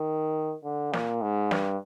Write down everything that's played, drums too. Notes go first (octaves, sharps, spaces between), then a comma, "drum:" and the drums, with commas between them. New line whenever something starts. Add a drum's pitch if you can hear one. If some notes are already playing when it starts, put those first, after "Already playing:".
Already playing: D#3
D3
A#2, drum: snare
G#2
G2, drum: snare